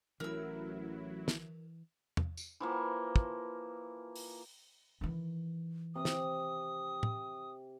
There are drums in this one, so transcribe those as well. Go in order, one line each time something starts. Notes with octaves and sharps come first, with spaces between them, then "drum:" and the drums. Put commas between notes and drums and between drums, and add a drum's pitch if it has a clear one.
A1 E3 F#3 E4 A#4 E6
drum: snare
drum: tom
drum: tambourine
E3 F3 A#3
drum: kick
drum: open hi-hat
D#3 E3
C3 D#6
drum: snare
drum: tom A2